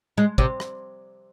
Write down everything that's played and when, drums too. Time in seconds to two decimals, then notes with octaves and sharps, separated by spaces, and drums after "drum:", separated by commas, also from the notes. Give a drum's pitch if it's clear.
0.18 G#3
0.38 C3, drum: kick
0.60 drum: rim click